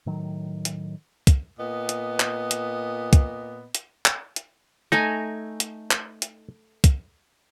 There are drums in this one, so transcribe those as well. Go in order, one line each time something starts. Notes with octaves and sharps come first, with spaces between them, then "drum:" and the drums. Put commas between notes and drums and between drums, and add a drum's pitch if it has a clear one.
A2 D#3 F#3
drum: hi-hat
drum: kick, hi-hat
A#2 B3 D#5
drum: hi-hat
drum: clap
drum: hi-hat
drum: kick, hi-hat
drum: hi-hat
drum: clap
drum: hi-hat
A3 D#4 G#5 A#5
drum: hi-hat
drum: clap
drum: hi-hat
drum: kick, hi-hat